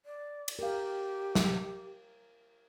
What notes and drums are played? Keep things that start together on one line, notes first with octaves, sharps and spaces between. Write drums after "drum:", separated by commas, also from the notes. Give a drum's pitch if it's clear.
D5
drum: cymbal
G4 A#4 F5
drum: snare